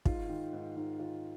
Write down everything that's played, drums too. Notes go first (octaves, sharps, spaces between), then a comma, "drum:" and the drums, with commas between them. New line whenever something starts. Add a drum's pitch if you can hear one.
G#2 F4, drum: kick
D#3
G#2
G#2
D#3 F4